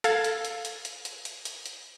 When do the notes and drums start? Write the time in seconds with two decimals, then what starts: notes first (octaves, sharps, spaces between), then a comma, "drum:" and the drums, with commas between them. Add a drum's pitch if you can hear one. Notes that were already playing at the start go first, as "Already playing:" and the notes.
0.04 A4 F5 G#6, drum: hi-hat
0.24 drum: hi-hat
0.45 drum: hi-hat
0.65 drum: hi-hat
0.85 drum: hi-hat
1.05 drum: hi-hat
1.25 drum: hi-hat
1.45 drum: hi-hat
1.66 drum: hi-hat